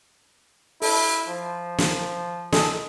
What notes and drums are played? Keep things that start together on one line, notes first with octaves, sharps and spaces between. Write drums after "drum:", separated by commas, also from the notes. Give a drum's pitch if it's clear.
E4 A4, drum: open hi-hat
F3
drum: snare
A4 D#5 G#5, drum: snare